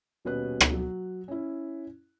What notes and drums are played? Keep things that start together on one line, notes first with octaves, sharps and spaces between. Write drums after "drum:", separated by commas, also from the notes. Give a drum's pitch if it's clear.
D#1 B2 C#4 B4 F#6
drum: rim click
F#3
C#4 E4